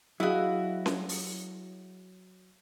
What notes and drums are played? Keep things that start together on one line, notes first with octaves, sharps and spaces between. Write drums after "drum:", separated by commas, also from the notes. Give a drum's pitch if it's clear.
F#3 E4 F#4 G#4 D#5 F5
drum: snare C#4
drum: open hi-hat